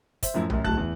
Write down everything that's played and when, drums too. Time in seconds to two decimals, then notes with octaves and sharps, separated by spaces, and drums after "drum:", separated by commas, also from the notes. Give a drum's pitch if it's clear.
0.23 C5 E5, drum: kick, hi-hat
0.34 F#2 A2 F3 E4
0.50 A1 F#2, drum: tom B1
0.64 D1 A2 F#3 A5 F#6, drum: kick
0.77 E2